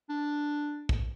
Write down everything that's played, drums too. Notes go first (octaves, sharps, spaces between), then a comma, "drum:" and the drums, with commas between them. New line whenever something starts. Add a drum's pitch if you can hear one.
D4
drum: kick